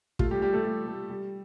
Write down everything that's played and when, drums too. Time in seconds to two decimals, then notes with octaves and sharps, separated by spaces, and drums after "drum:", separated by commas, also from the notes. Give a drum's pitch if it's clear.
0.19 A3 F4, drum: kick
0.31 G3 G4
0.41 G3 A3 G4
0.53 A3 A4
0.65 A3
0.87 A3
1.10 G3